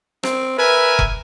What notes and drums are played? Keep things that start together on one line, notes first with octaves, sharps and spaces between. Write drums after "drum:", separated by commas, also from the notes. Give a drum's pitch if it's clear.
C4, drum: rim click
A#4 B4 E5 G#5
drum: kick F1